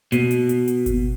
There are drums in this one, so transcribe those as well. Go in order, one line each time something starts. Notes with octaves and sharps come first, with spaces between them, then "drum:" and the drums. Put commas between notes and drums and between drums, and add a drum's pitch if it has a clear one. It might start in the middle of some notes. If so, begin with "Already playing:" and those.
B2, drum: hi-hat
drum: hi-hat
drum: hi-hat
drum: hi-hat
drum: kick G1, hi-hat